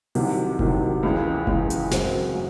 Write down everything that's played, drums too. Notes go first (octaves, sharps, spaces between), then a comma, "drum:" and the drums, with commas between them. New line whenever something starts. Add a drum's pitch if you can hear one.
C2 C3 D#3 F#3, drum: open hi-hat
C2 C3 D#3 F#3, drum: kick F#1
C#2 C#3 E3
C#2 C#3 E3, drum: kick F#1
drum: hi-hat
F#2 C#3 F#3 C4, drum: snare
F#3